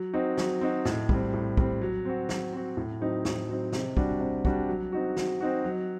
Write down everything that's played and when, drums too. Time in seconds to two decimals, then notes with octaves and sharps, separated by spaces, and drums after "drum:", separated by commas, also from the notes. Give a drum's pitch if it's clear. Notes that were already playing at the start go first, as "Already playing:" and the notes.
Already playing: F#3
0.13 C4 D#4 F#4
0.37 F#3, drum: snare
0.61 C4 D#4 F#4
0.85 A2, drum: snare
1.09 G3 C4, drum: kick
1.33 A2
1.57 G3 C4, drum: kick
1.82 F#3
2.05 C4 F#4
2.29 F#3, drum: snare
2.53 C4 F#4
2.77 A2
3.01 F#3 C4 D#4
3.25 A2, drum: snare
3.49 F#3 C4 D#4
3.72 C3, drum: snare
3.97 G3 D4 F#4, drum: kick
4.20 C3
4.45 G3 D4 F#4, drum: kick
4.69 F#3
4.92 C4 D#4 F#4
5.17 F#3, drum: snare
5.40 C4 D#4 F#4
5.64 F#3